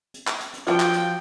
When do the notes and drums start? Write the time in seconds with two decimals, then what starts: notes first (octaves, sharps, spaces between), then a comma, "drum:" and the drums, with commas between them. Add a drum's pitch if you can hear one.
0.14 drum: hi-hat
0.27 drum: clap
0.40 drum: hi-hat
0.54 drum: hi-hat
0.67 F3 F#3 F4 F#4 G5, drum: hi-hat
0.80 drum: clap
0.93 drum: hi-hat